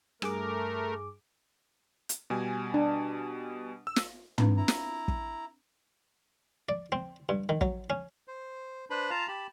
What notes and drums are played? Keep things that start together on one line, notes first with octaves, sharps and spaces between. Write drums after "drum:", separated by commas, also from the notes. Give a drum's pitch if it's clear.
G2 A3 G#4 A#4 D6, drum: rim click
drum: hi-hat
B2 G3 G#5
D4
E6
drum: snare
C4 D4 B4, drum: tom
E4 A#5
drum: snare
drum: kick
D5
C4
G2
D#3
F#3, drum: kick
C#4
C5
D4 B4 C5 B5
F4 F5 A5 A#5
G4 A5 B5